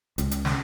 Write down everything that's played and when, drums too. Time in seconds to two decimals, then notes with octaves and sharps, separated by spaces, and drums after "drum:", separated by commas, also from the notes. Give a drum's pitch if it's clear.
0.18 C#2, drum: hi-hat
0.31 drum: hi-hat
0.45 drum: snare